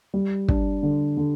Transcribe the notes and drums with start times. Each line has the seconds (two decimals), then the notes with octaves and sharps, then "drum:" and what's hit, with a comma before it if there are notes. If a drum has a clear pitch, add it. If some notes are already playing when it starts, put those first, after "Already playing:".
0.14 G3
0.48 D4, drum: kick
0.83 D3
1.17 D3